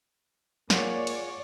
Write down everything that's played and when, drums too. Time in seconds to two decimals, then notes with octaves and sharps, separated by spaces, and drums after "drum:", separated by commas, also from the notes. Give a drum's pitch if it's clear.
0.70 A#3 F4 G#4 C#5 D5 F#5, drum: snare
1.07 drum: cymbal